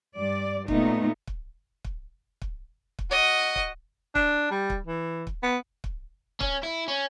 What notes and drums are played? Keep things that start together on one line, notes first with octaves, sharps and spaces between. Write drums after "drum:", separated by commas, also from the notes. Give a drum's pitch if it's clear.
G2 D5
A#2 A3 B3 D#4, drum: kick
drum: kick
drum: kick
drum: kick
drum: kick
F#4 D#5
drum: kick
D4, drum: kick
G3
drum: kick
E3
drum: kick
B3
drum: kick
C#4, drum: kick
E4
C#4